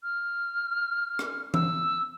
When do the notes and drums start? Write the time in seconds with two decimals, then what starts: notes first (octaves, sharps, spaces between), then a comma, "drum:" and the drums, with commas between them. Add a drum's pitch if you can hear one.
0.03 F6
1.19 drum: rim click
1.54 E6, drum: tom E3